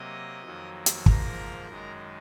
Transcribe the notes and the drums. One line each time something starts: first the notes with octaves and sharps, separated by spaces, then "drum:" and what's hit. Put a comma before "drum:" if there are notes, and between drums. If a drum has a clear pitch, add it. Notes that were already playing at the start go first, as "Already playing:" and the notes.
Already playing: C3 F#3 A#3 D#5 D#6
F2 D#3 F#3 A#3
drum: hi-hat
G#2 F3 A#3 A#4 A#5, drum: kick
F#2 D#3 G#3